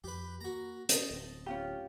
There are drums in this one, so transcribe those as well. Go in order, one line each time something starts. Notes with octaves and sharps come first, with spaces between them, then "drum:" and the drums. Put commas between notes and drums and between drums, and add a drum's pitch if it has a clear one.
F2 G4 B4
A#3 F#4 A#5
D#5 A5, drum: hi-hat
D1 C4
C#4 F4 G4